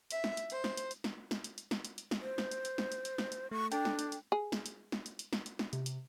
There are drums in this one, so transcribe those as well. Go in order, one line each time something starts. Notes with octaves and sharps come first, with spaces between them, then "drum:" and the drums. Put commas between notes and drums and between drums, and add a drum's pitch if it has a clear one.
E5, drum: hi-hat
drum: snare
drum: hi-hat
C5, drum: hi-hat
drum: snare
drum: hi-hat
drum: hi-hat
drum: snare
drum: snare
drum: hi-hat
drum: hi-hat
drum: snare
drum: hi-hat
drum: hi-hat
drum: snare
C5
drum: snare
drum: hi-hat
drum: hi-hat
drum: snare
drum: hi-hat
drum: hi-hat
drum: snare
drum: hi-hat
A3 C#6
D4 A4 G5, drum: hi-hat
drum: snare
drum: hi-hat
drum: hi-hat
G#4
drum: snare
drum: hi-hat
drum: snare
drum: hi-hat
drum: hi-hat
drum: snare
drum: hi-hat
drum: snare
C3, drum: hi-hat
drum: hi-hat